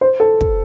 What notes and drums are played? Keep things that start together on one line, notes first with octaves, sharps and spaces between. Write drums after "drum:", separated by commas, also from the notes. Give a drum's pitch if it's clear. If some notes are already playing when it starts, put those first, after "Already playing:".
C5
A4
drum: kick